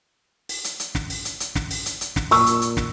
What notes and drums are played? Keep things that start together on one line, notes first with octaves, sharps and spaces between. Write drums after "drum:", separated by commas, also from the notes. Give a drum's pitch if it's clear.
drum: open hi-hat
drum: hi-hat
drum: hi-hat
drum: snare
drum: open hi-hat
drum: hi-hat
drum: hi-hat
drum: snare
drum: open hi-hat
drum: hi-hat
drum: hi-hat
drum: snare
A#2 C#6 E6, drum: open hi-hat
drum: hi-hat
drum: hi-hat
drum: snare